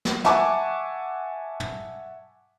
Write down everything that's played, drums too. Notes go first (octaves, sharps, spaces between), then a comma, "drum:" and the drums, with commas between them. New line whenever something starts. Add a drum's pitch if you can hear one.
drum: snare
E5 F#5 G#5 A5 C#6 D6, drum: snare
drum: tom